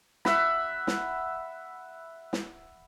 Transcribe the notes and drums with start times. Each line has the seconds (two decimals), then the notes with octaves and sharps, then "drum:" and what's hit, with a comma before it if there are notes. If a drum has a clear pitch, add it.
0.25 E5 F#5 B5, drum: snare
0.87 drum: snare
2.33 drum: snare